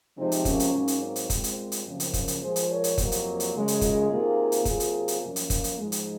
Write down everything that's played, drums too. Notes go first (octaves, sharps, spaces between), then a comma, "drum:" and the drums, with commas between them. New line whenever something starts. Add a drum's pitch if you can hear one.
C3 F3 G#3 C4 D#4
drum: hi-hat
A#3 C#4, drum: kick, hi-hat
drum: hi-hat
G#2 F#3 A#3
drum: hi-hat
C4
drum: hi-hat
A#2 G#3 C4, drum: kick, hi-hat
drum: hi-hat
C4
drum: hi-hat
F#2 C#3 F3 A#3
drum: hi-hat
A#3 C#4, drum: kick, hi-hat
drum: hi-hat
A#2 F3 G#3 G#4 C5
drum: hi-hat
A#4 C#5
drum: hi-hat
F2 C3 F#3 A#3, drum: kick, hi-hat
drum: hi-hat
drum: hi-hat
F#2 C#3 G#3
drum: hi-hat
F4 G#4, drum: kick, hi-hat
C3 D#3 A#3
drum: hi-hat
C3 F#3 A#3 F4 G#4, drum: kick, hi-hat
drum: hi-hat
drum: hi-hat
F#2 F3 A#3
drum: hi-hat
drum: kick, hi-hat
drum: hi-hat
G#2 F3 G#3
drum: hi-hat